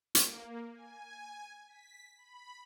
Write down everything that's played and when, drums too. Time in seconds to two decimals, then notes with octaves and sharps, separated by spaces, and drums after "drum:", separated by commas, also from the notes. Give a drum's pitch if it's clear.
0.15 A#3, drum: hi-hat
0.73 G#5
1.67 B6
2.17 B5